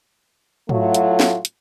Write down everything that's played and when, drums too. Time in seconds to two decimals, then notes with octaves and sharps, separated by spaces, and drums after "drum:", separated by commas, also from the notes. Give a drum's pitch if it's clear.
0.69 A2 F#3 A3 F4 F#4, drum: tom G#2
0.95 drum: hi-hat
1.20 drum: snare
1.45 drum: hi-hat